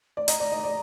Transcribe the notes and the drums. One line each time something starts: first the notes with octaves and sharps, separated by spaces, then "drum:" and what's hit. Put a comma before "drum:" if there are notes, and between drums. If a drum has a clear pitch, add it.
D5
D#5 A#5, drum: hi-hat
D5
D#5
D5